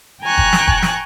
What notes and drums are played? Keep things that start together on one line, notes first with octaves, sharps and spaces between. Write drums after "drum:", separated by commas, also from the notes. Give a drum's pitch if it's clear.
G5 G#5 A#5 C#6 F#6
drum: kick
drum: snare
drum: kick
drum: snare